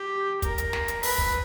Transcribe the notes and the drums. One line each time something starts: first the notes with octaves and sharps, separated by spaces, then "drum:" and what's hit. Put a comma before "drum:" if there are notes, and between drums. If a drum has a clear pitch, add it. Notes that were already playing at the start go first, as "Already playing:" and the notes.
Already playing: G4
A#4, drum: kick, hi-hat
drum: hi-hat
drum: snare
drum: hi-hat
B4, drum: open hi-hat
drum: kick